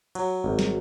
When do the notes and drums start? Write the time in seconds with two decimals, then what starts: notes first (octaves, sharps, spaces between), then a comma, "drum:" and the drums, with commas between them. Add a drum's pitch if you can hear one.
0.15 F#3, drum: cymbal
0.44 G#1
0.59 drum: snare